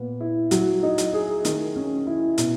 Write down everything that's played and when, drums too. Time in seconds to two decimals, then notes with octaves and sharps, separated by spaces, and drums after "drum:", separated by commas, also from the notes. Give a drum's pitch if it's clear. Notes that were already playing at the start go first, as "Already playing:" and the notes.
Already playing: A#2 B3
0.20 E4
0.51 F#3, drum: hi-hat
0.83 D#4
0.98 drum: hi-hat
1.13 G#4
1.45 D#3, drum: hi-hat
1.76 C#4
2.07 E4
2.38 B2, drum: hi-hat